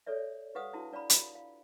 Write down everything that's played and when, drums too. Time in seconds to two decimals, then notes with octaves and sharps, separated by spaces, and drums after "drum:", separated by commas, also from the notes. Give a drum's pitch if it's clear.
0.07 A4 C#5 D5 E5
0.55 G4 B4 F5 F#5 D#6
0.73 D4 E4 F#4 A5
0.93 D4 D5 F5 A#5 B5
1.10 F4 F#4, drum: hi-hat
1.35 F5